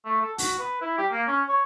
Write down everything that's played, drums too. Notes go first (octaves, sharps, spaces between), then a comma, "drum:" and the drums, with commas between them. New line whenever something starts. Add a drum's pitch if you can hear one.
A3
A4
F#4, drum: open hi-hat
B4
E4
G4
A#3
C#4
C#5